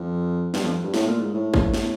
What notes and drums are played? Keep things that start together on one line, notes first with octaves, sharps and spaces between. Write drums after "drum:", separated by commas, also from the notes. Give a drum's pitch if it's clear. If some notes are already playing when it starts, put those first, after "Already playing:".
Already playing: F2
G2, drum: snare
F2
G2
A2, drum: snare
A#2
G#2
A2
drum: kick
drum: snare